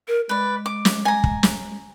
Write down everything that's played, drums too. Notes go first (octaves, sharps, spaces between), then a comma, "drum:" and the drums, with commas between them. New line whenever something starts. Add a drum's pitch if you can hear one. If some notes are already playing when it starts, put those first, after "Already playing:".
A#4
G#3 B4 D5
D6
drum: snare
G#5 A#5
drum: kick
drum: snare